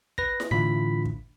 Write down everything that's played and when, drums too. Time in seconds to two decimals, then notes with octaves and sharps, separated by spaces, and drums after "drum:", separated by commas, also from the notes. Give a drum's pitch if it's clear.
0.18 B4 A#6, drum: kick
0.40 drum: snare E4
0.51 A2 D3 E3 F4 B5 B6
1.05 drum: kick